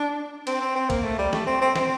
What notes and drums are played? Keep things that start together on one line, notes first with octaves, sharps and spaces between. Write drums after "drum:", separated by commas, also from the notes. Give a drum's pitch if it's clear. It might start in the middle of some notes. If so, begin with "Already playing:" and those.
Already playing: D4
C4, drum: cymbal
C4
C4
A#3, drum: kick C2, cymbal
A3
G3
A3, drum: snare
C4
C4
C4, drum: snare